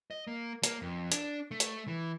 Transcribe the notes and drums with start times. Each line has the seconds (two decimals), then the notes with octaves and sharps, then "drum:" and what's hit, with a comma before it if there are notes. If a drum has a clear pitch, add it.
0.11 D#5
0.27 A#3
0.64 A#3, drum: hi-hat
0.82 F2
1.12 D4, drum: hi-hat
1.51 A3
1.60 drum: hi-hat
1.88 E3